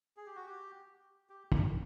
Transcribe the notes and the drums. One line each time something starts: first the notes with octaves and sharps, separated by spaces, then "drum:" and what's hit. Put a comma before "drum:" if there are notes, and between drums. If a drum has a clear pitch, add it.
G#4
G4
F#4
G4
G4
drum: kick